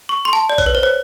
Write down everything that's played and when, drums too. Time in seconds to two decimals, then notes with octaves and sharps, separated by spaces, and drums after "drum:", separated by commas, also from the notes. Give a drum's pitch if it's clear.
0.09 C#6
0.25 C6
0.33 A5
0.50 D5
0.58 C#5, drum: kick A#1, hi-hat
0.66 B4
0.75 C5
0.83 C#5